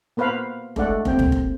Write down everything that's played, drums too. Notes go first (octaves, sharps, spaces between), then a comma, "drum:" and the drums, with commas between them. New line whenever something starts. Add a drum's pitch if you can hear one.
A#3 B3 B4 C5 F5 B5
G#3 A3 D4 D5 F#5, drum: kick F1
A#3 C4 G5, drum: kick F1
drum: tom C#2
drum: kick F1